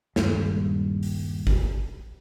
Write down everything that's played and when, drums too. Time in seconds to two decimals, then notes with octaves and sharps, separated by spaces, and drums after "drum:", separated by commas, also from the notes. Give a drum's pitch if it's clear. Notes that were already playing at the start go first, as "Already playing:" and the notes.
0.16 D#1 G2 G#3, drum: snare
1.03 drum: open hi-hat
1.47 drum: kick